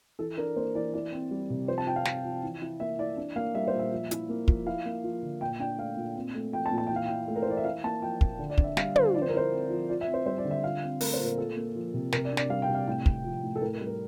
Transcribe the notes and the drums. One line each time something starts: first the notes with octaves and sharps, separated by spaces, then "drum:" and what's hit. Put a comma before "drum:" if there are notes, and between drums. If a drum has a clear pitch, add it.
E3 A4
D4 A#4
A#3 C5
E3 D5
E4 D5
C4
G3
C3
F3 C5
A5
F4 G5
F5
C4, drum: snare
F3
E3
E4
A#3 E5
E3 D5
D4
A#3 F5
G3 E5
C5
A#2
E5
F3
E4, drum: hi-hat
A#3
F3, drum: kick
E4 F5
A#3
F3
D3
A#2 G5
D4 G5
A3 F5
A#2
C4
A3
F3 G5
A5
A#2
A5
E3 G5
F5
E4 G5
A3
A#4
C5
E3 D5
E5
E4 F5
A#3 A5
F3 G5
A#2, drum: kick
D3
D5
D4, drum: kick
E5
G3 F5, drum: snare
D3 C5, drum: tom
F3 D5
C5
A#4
E4 C5
C4
F3
F4 D5
E5
C4
C5
G3 C5
D5
D3
E5
F4 F5
C4
A3 A#4, drum: open hi-hat
C5
A#2
A#4
F4 A4
A#3
F3
C3
C3 A#4, drum: snare
D5
D4
D5, drum: snare
G3 F5
G5
C3
F5
A2 G5
C4, drum: kick
F3
A2
A4
A2 A#4
A#4
G3
A#4